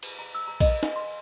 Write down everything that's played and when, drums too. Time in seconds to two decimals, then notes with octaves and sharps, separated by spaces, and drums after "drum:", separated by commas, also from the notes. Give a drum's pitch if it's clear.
0.03 drum: cymbal
0.19 A#5
0.35 E6
0.48 A#5
0.60 D#5, drum: kick A#1, cymbal
0.83 G#5, drum: snare
0.96 C6